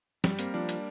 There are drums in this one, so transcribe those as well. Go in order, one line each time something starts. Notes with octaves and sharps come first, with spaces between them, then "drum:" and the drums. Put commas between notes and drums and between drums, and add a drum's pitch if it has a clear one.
G2 G3 G4, drum: snare
A#3 C4 A#4, drum: hi-hat
F3 D4 D5
drum: hi-hat